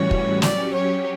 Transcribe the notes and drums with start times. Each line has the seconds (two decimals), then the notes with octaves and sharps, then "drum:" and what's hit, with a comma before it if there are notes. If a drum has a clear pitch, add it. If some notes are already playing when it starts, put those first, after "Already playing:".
Already playing: A2 E3 G3 C#4 F#4 C#5
0.11 drum: kick
0.42 F#3 C#4 G4 D5, drum: snare
0.73 C#5